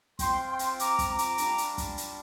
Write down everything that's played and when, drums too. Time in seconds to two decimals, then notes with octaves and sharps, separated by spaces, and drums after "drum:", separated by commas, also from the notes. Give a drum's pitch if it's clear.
0.19 C4 F4 G5 C6, drum: kick, hi-hat
0.49 G5 C6
0.59 drum: hi-hat
0.79 A#5 D6, drum: hi-hat
0.99 drum: kick, hi-hat
1.09 A#5 D6
1.18 drum: hi-hat
1.38 G3 D4 F4, drum: hi-hat
1.58 drum: hi-hat
1.78 drum: kick, hi-hat
1.98 drum: hi-hat